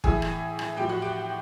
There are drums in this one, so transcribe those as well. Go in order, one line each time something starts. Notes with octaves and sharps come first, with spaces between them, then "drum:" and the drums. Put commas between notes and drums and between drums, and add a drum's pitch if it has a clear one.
A2 E3 G#4 G#5, drum: kick
drum: rim click
drum: rim click
A2 F3 G4 G5
F#4 F#5
G4 G5